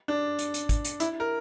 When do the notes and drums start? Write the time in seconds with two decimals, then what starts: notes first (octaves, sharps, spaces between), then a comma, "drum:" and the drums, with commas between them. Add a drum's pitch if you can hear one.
0.08 D4
0.39 drum: hi-hat
0.54 drum: hi-hat
0.69 drum: kick, hi-hat
0.85 drum: hi-hat
1.00 E4, drum: hi-hat
1.20 A#4